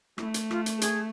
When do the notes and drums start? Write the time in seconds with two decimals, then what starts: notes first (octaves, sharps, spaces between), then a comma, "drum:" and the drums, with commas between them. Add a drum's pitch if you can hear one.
0.18 A3 E4, drum: rim click
0.34 drum: hi-hat
0.51 F4, drum: rim click
0.66 drum: hi-hat
0.78 A4
0.81 G#4, drum: hi-hat